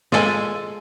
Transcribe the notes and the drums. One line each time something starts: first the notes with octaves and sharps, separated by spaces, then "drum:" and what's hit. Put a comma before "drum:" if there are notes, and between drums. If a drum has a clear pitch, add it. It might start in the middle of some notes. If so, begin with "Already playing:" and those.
G#3 F4 A4 G#5, drum: snare